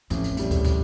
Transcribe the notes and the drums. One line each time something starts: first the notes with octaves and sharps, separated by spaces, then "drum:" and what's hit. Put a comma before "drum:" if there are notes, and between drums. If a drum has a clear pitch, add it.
A1 F2, drum: hi-hat
drum: hi-hat
A2 G3, drum: hi-hat
drum: kick, hi-hat
drum: kick, hi-hat